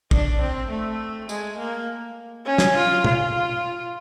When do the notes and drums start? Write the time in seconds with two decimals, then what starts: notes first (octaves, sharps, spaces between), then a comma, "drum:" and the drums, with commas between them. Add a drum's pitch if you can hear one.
0.11 D4, drum: kick
0.41 C4
0.70 A3
1.29 G#3, drum: tambourine
1.58 A#3
2.46 C#4
2.58 drum: snare
2.76 F4
3.04 F4, drum: tom